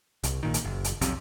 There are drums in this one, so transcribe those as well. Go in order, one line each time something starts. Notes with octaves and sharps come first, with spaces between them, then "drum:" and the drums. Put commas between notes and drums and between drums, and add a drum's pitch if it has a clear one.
C2, drum: hi-hat
A#1 A#2 D#3
drum: hi-hat
F#1
drum: hi-hat
B1 F2 C3, drum: hi-hat